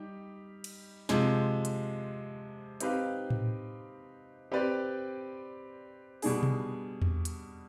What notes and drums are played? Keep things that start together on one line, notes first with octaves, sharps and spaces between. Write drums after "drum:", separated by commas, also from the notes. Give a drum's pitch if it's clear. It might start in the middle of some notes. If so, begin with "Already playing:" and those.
Already playing: G3 D#4 G4
drum: cymbal
C3 F3 G#3, drum: snare
drum: hi-hat
C4 D#4 G4 B4 F5, drum: hi-hat
drum: tom A2
C4 G4 B4 D5
B2 G3 D4 G#4, drum: open hi-hat
drum: tom B2
drum: tom E2
drum: hi-hat